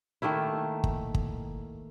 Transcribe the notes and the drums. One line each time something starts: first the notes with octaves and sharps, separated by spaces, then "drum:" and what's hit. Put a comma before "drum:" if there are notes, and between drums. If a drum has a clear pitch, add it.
D#3 A3 A#3 E4
drum: kick
drum: kick